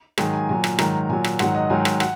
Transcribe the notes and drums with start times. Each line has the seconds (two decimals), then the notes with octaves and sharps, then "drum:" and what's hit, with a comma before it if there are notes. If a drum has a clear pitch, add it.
0.18 G#2 D#3 F#3 G#4, drum: rim click
0.33 G#5
0.49 A#2 F#3 G#5
0.64 drum: rim click
0.79 G#2 D#3 F#3 A#5, drum: rim click
1.09 A#2 F#3 G#5
1.24 drum: rim click
1.39 G#2 D#3 F#3 F#5, drum: rim click
1.55 D#5
1.70 G#2 D#3 F#3 G#5
1.85 drum: rim click
2.00 F#5, drum: rim click